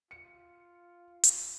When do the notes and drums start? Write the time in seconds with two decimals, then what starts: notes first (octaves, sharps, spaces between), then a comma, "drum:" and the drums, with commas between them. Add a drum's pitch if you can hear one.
0.11 F4 C#7
1.23 drum: hi-hat